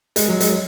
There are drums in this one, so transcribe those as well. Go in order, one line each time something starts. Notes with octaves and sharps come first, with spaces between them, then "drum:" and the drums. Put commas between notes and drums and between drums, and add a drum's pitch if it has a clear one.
G#3, drum: hi-hat
F#3
G#3, drum: hi-hat